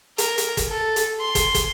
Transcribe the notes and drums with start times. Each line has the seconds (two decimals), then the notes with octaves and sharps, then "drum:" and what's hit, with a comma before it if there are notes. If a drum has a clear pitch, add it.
0.18 A#4, drum: hi-hat
0.38 drum: hi-hat
0.57 drum: kick, hi-hat
0.70 A4
0.96 drum: hi-hat
1.21 C6
1.35 drum: kick, hi-hat
1.54 drum: kick, hi-hat